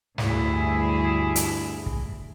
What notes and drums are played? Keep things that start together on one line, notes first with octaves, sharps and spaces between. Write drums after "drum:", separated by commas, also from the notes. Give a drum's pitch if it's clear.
D2 G2 E4 G#4, drum: snare
drum: hi-hat
drum: kick